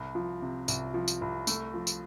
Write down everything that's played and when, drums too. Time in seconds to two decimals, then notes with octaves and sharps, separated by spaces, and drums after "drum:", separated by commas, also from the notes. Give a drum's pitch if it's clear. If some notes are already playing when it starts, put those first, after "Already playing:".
Already playing: C2
0.15 F3
0.42 C3
0.68 C2, drum: tambourine
0.94 F3
1.08 drum: tambourine
1.21 C2
1.47 A3, drum: tambourine
1.74 F3
1.87 drum: tambourine